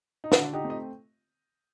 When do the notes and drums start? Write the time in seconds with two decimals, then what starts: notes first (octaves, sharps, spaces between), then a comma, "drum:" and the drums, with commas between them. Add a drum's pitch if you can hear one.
0.24 D#4
0.32 D3 D4 F#4, drum: snare
0.53 D#4 G4
0.64 A3 C4
0.70 D#5